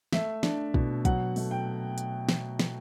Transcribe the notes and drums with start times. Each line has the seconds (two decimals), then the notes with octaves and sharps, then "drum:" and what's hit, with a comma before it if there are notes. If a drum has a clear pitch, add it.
0.13 A3 E5, drum: snare
0.43 D4, drum: snare
0.74 B2, drum: kick
1.05 F#3 F#5, drum: kick, hi-hat
1.36 A3, drum: open hi-hat
1.51 G5
1.98 drum: hi-hat
2.29 drum: snare
2.59 drum: snare